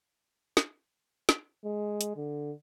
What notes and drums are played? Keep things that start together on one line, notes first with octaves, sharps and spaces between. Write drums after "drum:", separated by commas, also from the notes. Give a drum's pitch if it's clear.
drum: snare
drum: snare
G#3
drum: hi-hat
D3